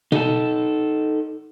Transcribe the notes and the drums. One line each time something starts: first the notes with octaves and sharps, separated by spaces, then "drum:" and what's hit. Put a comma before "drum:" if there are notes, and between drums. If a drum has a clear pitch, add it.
D#4 A4, drum: tom B2